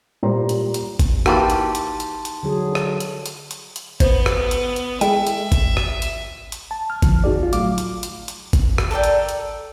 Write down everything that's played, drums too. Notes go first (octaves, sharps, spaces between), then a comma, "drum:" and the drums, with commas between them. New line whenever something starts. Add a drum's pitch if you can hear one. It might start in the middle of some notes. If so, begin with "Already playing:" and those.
A#2 G3 C5 A#5 C6
drum: hi-hat
drum: hi-hat
drum: kick G#1, hi-hat
E3 A#3 D#4 F#4 G4 A5 C6 A6, drum: rim click
drum: hi-hat
drum: hi-hat
drum: hi-hat
drum: hi-hat
D3 F#3 G#4
drum: rim click
drum: hi-hat
drum: hi-hat
drum: hi-hat
drum: hi-hat
B3 C5, drum: kick G#1, hi-hat
drum: rim click
drum: hi-hat
drum: hi-hat
G#3 E4 A4 E5 G5, drum: hi-hat
drum: hi-hat
drum: kick G#1, hi-hat
drum: rim click
drum: hi-hat
drum: hi-hat
A5
F6
D3 F3, drum: kick G#1, hi-hat
C4 D#4 F#4 G#4 D5
D2 F4
A2 F#3 A3 F5 D6, drum: hi-hat
drum: hi-hat
drum: hi-hat
drum: hi-hat
drum: kick G#1, hi-hat
drum: rim click
A4 A#4 D5 G5
drum: hi-hat
drum: hi-hat